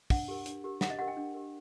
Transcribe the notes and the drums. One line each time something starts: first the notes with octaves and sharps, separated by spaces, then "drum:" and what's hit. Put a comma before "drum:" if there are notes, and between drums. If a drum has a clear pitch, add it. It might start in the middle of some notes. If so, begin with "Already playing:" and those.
D4 F#5, drum: kick, open hi-hat
G4 A#4
D4, drum: hi-hat
G4 A#4
D4 F#5, drum: snare
D#5
G4 A#4 F#5
G5
D4
G4 A#4